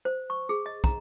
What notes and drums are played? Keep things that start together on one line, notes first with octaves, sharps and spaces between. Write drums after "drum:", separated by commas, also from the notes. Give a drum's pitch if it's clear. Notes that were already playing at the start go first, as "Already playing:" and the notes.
C5
C#6
G#4
D#5
A#5, drum: kick